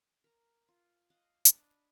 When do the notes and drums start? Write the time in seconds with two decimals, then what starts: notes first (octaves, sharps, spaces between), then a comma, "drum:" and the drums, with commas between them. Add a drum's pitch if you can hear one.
0.24 A#4 A#5
0.68 F4
1.10 D#5 F5 F#5
1.45 D4 D#5 B5, drum: hi-hat